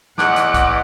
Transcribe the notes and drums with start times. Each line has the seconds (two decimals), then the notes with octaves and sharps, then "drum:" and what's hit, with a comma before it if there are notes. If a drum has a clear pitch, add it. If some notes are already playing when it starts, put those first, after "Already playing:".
0.18 E2 D#5 F#5 D6 F#6, drum: snare
0.36 drum: hi-hat
0.54 drum: kick, hi-hat